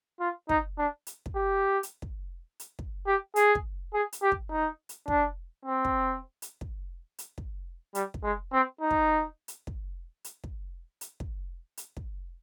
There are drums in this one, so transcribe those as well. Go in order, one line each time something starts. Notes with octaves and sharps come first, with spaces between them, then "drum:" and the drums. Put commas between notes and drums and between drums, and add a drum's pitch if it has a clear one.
F4
D#4, drum: kick
D4
drum: hi-hat
drum: kick
G4
drum: hi-hat
drum: kick
drum: hi-hat
drum: kick
G4
G#4, drum: hi-hat
drum: kick
G#4
drum: hi-hat
G4
drum: kick
D#4
drum: hi-hat
D4, drum: kick
C4
drum: kick
drum: hi-hat
drum: kick
drum: hi-hat
drum: kick
G3, drum: hi-hat
drum: kick
G#3
C4
D#4
drum: kick
drum: hi-hat
drum: kick
drum: hi-hat
drum: kick
drum: hi-hat
drum: kick
drum: hi-hat
drum: kick